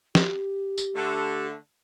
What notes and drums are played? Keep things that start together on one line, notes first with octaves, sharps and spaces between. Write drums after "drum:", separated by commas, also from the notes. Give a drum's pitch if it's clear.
G4, drum: snare
drum: tambourine
D3 A3